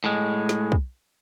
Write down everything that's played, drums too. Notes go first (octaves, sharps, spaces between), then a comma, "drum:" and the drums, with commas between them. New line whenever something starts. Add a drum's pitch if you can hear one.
A2 G#3
drum: snare
drum: kick